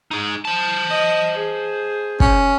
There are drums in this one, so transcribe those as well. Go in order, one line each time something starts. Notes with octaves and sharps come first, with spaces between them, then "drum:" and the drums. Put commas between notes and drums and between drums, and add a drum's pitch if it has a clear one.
D#4 G#4
C5 A5
D#5
G#4
C#4, drum: kick